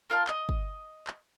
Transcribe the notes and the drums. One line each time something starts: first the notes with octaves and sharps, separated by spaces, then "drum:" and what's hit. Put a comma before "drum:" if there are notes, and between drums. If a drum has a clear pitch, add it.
A#3 F4 F5 A5
D#5, drum: clap
drum: kick
drum: clap